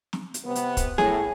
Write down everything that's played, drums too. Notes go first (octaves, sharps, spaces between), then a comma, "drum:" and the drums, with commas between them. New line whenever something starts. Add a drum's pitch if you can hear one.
drum: snare
drum: hi-hat
C3 B3
drum: hi-hat
drum: kick, hi-hat
A2 G#4, drum: snare